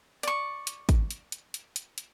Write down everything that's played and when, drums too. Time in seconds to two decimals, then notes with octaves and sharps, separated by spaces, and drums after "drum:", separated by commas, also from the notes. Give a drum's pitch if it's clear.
0.23 D5 C#6, drum: hi-hat
0.67 drum: hi-hat
0.89 drum: kick, hi-hat
1.11 drum: hi-hat
1.32 drum: hi-hat
1.54 drum: hi-hat
1.76 drum: hi-hat
1.98 drum: hi-hat